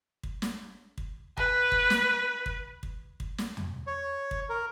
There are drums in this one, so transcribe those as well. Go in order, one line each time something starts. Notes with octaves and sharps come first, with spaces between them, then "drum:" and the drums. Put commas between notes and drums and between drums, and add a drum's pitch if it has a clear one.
drum: kick
drum: snare
drum: kick
B4, drum: kick
drum: kick
drum: snare
drum: kick
drum: kick
drum: kick
drum: snare
drum: tom E2
C#5
drum: kick
A#4